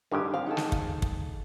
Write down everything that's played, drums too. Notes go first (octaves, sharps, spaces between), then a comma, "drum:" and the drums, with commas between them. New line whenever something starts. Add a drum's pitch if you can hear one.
G2 D3 D#3 G4 G#4
C4 F5
D#4 G#4 A4
drum: snare
drum: kick
drum: kick